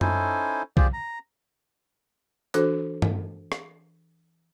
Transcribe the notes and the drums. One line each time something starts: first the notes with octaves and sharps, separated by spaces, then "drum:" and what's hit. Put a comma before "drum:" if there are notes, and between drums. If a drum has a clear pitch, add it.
C#4 D#4 E4 A4 C5 G#5, drum: tom F#2
F4 G4 G#4 C5 D5, drum: kick
A#5
E3 D4 F#4 A4 C5, drum: hi-hat
drum: tom
drum: rim click